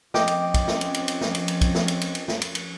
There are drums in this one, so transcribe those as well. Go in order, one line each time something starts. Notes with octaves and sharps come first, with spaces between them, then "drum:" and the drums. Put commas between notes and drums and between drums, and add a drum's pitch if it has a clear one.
F3 C4 C#4 D#5 G5 D6, drum: snare
drum: cymbal
drum: kick, cymbal
drum: snare
drum: cymbal
drum: cymbal
drum: cymbal
drum: snare
drum: cymbal
drum: cymbal
drum: kick, cymbal
drum: snare
drum: cymbal
drum: cymbal
drum: cymbal
drum: snare
drum: cymbal
drum: cymbal